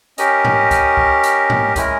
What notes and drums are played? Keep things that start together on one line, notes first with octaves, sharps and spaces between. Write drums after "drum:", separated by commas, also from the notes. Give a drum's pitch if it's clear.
C#4 G4 A#4 D#5, drum: hi-hat
drum: tom G#2
drum: kick C2, hi-hat
drum: kick C2
drum: hi-hat
drum: tom G#2
G#3 C#4 E4 A#4 D#5, drum: kick C2, hi-hat